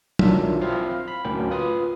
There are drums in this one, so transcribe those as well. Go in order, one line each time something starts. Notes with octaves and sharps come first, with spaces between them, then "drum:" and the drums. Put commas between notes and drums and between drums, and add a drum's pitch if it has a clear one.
B1 D#3 F#3 D4 F4 E5, drum: tom
C4 E4 F4 C5 F5
F5
B5
D2 A2 F#3 A#3 C#4 G5
F4 B4 D#6